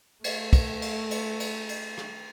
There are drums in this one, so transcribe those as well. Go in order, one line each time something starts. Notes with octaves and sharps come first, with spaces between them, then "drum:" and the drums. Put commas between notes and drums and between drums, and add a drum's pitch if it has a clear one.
A3, drum: cymbal
drum: kick, cymbal
drum: cymbal
drum: cymbal
drum: cymbal
drum: cymbal
drum: rim click